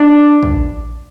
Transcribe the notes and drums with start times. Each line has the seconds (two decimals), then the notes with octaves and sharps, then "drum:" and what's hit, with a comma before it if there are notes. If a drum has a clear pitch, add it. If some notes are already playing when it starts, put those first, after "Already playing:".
Already playing: D4
0.43 drum: kick